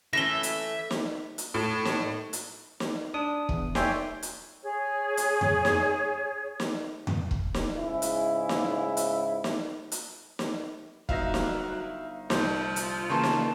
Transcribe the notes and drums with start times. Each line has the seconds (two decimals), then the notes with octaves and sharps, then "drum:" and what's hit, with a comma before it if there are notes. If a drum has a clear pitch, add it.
0.13 E3 A3 C#4 E5 A#6 G7
0.43 drum: hi-hat
0.91 drum: snare
1.38 drum: hi-hat
1.54 A2
1.85 drum: snare
2.33 drum: hi-hat
2.80 drum: snare
3.14 D4 D#6
3.49 E2, drum: kick
3.75 C#5 D5 E5 G5 G#5 C6, drum: snare
4.23 drum: hi-hat
4.63 G#4 C#5
5.17 drum: hi-hat
5.41 drum: tom F2
5.65 drum: snare
6.60 drum: snare
7.07 drum: tom F2
7.31 drum: kick
7.54 drum: snare
7.78 G#2 C#3 E4
8.02 drum: hi-hat
8.49 drum: snare
8.97 drum: hi-hat
9.44 drum: snare
9.92 drum: hi-hat
10.39 drum: snare
11.09 G1 F#3 D#4 E5 F5 A#6, drum: kick
11.34 drum: snare
12.30 C2 F3, drum: snare
12.76 drum: hi-hat
13.09 C#3 E3 A#3 A5 C6 C#6
13.24 drum: snare